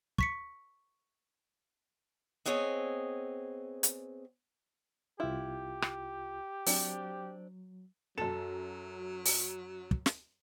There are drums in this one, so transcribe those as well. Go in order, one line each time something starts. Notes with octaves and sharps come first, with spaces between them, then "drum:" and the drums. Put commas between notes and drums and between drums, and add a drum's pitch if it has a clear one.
C#6 B6 C#7, drum: kick
B3 C4 G#4 C#5 D#5 G#5
drum: hi-hat
C2 E4 F4 G4
drum: rim click
F#3 C4 D4, drum: open hi-hat
F#2 F#3 A4 E7
drum: open hi-hat
drum: kick
drum: snare